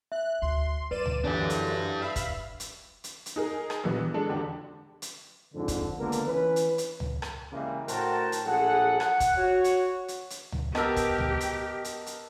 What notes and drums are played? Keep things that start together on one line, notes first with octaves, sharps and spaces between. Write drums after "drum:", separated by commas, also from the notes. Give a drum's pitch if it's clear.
E5 F#6
D2 C6
G2 B4 D5 D#7 E7
drum: tom C#2
F#2 D3 E3 D4 G4
drum: hi-hat
E5 F5 B5
drum: kick, hi-hat
drum: hi-hat
drum: hi-hat
drum: hi-hat
D#4 G#4 A#4
drum: rim click
A#1 E3 G3 B3 E6
G#3 D4 A4
E2 D3 D4 G4
drum: hi-hat
F2 G#2 D3
drum: kick, hi-hat
C#2 D3 A#3 B3 A#4
drum: hi-hat
E3 C#4 B4
drum: hi-hat
drum: hi-hat
drum: tom C#2
drum: rim click
C#3 E3 G3 G#3 A#3
A2 F#4 A#4 C5 G5 A5, drum: hi-hat
drum: hi-hat
A#1 F#3 G#4 A4 F#5
F#5, drum: rim click
drum: kick, hi-hat
F#4 C#5
drum: hi-hat
drum: hi-hat
drum: hi-hat
drum: tom C#2
B3 G4 A#4 D#5 A5 E6, drum: rim click
drum: kick, hi-hat
drum: tom C#2
drum: hi-hat
drum: hi-hat
drum: hi-hat